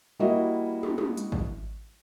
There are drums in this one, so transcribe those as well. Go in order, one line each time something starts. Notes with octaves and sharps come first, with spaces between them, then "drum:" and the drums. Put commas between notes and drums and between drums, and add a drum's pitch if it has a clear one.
G3 A#3 E4 F#4 D#5
drum: tom
drum: tom
drum: hi-hat
drum: kick G#1